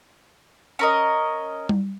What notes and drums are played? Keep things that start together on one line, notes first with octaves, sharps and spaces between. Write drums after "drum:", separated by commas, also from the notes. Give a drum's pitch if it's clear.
C#4 A#4 D#5
drum: tom G3